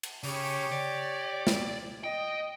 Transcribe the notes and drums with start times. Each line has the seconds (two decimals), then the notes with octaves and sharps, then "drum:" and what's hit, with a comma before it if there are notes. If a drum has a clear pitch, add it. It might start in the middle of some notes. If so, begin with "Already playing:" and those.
0.03 drum: cymbal
0.23 C#3 G4 C#5, drum: open hi-hat
0.72 D5
1.47 drum: snare
2.04 D#5 G5